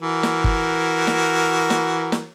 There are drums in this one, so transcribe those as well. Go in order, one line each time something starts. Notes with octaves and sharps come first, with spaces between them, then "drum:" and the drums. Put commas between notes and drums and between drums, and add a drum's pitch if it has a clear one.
E3 F#4 A#4
drum: snare
drum: kick G1
drum: snare
drum: snare
drum: snare